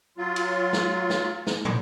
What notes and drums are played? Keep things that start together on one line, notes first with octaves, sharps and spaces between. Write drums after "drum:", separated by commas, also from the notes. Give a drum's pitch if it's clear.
F#3 F4
drum: cymbal
drum: snare
drum: snare
drum: snare
drum: tom